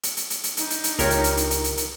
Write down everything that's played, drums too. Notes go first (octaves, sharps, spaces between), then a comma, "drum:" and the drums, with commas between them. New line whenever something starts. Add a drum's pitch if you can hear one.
drum: hi-hat
drum: hi-hat
drum: hi-hat
drum: hi-hat
D4 D#4, drum: hi-hat
drum: hi-hat
drum: hi-hat
C#2 F4 G4 A#4 C#5, drum: hi-hat
drum: hi-hat
drum: hi-hat
drum: hi-hat
drum: hi-hat
drum: hi-hat
drum: hi-hat